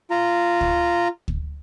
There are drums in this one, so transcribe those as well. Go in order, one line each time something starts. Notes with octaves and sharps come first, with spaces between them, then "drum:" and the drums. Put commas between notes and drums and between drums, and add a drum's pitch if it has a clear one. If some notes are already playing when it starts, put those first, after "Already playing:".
F4 A#5
drum: kick
drum: kick